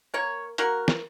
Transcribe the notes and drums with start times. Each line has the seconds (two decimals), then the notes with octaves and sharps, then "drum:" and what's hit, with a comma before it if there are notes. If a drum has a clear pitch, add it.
0.14 A#3 A#4 C#5
0.58 A#3 F#4 A#4, drum: hi-hat
0.88 drum: snare